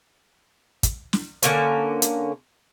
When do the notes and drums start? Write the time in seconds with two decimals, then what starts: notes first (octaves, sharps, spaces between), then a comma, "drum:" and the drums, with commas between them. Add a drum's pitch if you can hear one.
0.83 drum: kick, hi-hat
1.13 drum: snare
1.43 D3 A#3 C#4, drum: hi-hat
2.02 drum: hi-hat